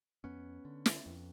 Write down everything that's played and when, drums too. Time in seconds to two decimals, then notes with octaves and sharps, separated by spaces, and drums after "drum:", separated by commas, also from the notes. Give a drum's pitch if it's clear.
0.24 F2 B3 C#4
0.65 D3
0.86 drum: snare
1.06 F2